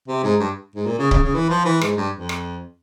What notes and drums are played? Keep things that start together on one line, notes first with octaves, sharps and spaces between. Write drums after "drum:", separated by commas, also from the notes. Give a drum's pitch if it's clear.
C3
G#2
G2
G#2
A#2
C#3
C#3, drum: kick C#1
C#3
E3
F3
E3
G#2, drum: rim click
G2
F2
drum: rim click